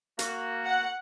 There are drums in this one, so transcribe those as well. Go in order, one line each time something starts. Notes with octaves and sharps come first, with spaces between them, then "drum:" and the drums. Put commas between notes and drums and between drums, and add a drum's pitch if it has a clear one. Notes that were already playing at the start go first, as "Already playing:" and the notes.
A#3 F#4, drum: hi-hat
F#5